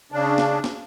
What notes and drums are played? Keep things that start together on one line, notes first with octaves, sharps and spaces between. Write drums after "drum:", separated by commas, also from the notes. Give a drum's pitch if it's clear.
C#3 D4
drum: snare
drum: snare